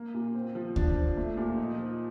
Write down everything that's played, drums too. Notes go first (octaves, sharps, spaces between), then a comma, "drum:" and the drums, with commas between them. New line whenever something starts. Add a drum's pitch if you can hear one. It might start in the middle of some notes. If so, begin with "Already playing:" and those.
Already playing: A#3
A#2
C4
F3
D4, drum: kick D2
F3
A3
A#2
D#4
F3